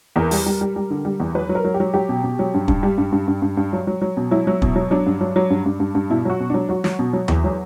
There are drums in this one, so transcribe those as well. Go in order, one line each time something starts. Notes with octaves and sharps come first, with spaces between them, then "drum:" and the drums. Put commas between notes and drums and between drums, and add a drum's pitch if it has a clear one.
E2 A#4
G3, drum: open hi-hat
G3
G3
G3
D3
G3
E2
F#3 B4
F#3
A#4
F#3
G4
F#3
F#3 G4
B2
B2
F#3
G2
G2, drum: kick
G3
G2
G2
G2
G2
G2
F#3
F#3
F#3
B2
F#3 E4
F#3
B2, drum: kick
F#3
F#3 D4
G2
F#3
F#3
G2
G2
G2
G2
B2 E4
F#3 F#4
B2
F#3 D4
F#3 F#4
F#3, drum: snare
B2
F#3
E2, drum: tom D#2
F#3